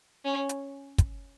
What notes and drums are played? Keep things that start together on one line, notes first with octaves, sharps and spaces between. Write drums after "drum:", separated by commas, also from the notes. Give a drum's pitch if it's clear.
C#4
drum: hi-hat
drum: kick, hi-hat